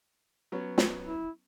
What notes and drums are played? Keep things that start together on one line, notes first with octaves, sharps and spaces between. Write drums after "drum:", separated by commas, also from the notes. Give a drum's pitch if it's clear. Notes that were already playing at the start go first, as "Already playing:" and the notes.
F#3 B3 C#4
drum: snare
E4